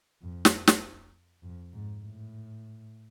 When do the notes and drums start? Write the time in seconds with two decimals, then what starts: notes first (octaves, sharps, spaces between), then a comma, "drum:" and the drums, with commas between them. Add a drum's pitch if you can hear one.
0.22 F2
0.45 drum: snare
0.67 drum: snare
1.43 F2
1.73 G#2
2.03 A2